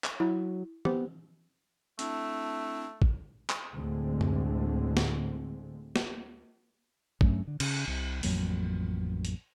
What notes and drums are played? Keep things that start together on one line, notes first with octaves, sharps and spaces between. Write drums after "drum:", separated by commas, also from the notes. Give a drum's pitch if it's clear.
drum: clap
F#3 E4
B3 G4 C5, drum: tom
A3 C4 D4 E4, drum: hi-hat
drum: kick
drum: clap
D2 A2 D3 G#3 A3 C4
drum: tom F#2
drum: snare
drum: snare
G2 F#3 A3 C#4, drum: kick
D3
C#3, drum: cymbal
C2 C3
A1 F2 F#3 A#3, drum: open hi-hat
drum: hi-hat